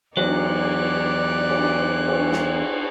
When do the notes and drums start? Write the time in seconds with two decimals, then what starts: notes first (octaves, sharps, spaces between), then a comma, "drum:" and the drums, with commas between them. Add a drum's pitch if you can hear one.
0.17 E2 F#3 D#4 G4 D5 F#6, drum: cymbal
1.50 drum: cymbal
2.08 drum: cymbal
2.32 drum: snare